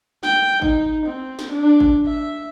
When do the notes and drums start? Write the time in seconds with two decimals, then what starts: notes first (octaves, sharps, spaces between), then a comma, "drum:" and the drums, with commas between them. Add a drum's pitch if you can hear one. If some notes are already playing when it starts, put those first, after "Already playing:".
0.23 G5, drum: snare
0.62 D#4, drum: kick G#1
1.05 C4
1.39 drum: snare
1.51 D4
1.80 drum: kick G#1
2.06 E5